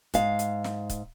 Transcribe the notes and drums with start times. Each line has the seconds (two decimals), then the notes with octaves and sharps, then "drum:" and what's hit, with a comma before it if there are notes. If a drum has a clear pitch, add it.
0.14 G#2 F5, drum: kick, hi-hat
0.39 drum: hi-hat
0.64 drum: snare
0.90 drum: kick, hi-hat